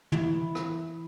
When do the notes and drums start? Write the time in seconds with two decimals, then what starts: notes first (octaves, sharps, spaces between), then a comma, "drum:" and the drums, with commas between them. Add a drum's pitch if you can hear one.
0.12 E3 E4, drum: tom
0.41 E3
0.55 drum: rim click
0.69 E3